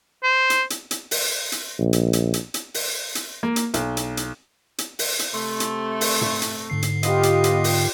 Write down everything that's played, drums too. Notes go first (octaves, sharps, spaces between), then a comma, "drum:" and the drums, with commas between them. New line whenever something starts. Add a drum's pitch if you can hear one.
C5
drum: hi-hat
drum: hi-hat
drum: hi-hat
drum: open hi-hat
drum: hi-hat
A#1
drum: hi-hat
drum: hi-hat
drum: hi-hat
drum: hi-hat
drum: open hi-hat
drum: hi-hat
A#3
drum: hi-hat
B1, drum: hi-hat
drum: hi-hat
drum: hi-hat
drum: hi-hat
drum: open hi-hat
drum: hi-hat
C3 A3 C6
drum: hi-hat
drum: open hi-hat
drum: tom
drum: hi-hat
G#2 D3 C7
drum: hi-hat
B3 F4 G4 D#5, drum: hi-hat
drum: hi-hat
drum: hi-hat
drum: open hi-hat